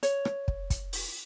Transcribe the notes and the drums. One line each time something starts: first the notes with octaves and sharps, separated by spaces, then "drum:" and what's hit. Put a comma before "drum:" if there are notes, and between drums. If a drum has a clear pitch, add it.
C#5, drum: hi-hat
drum: rim click
drum: kick
drum: kick, hi-hat
drum: open hi-hat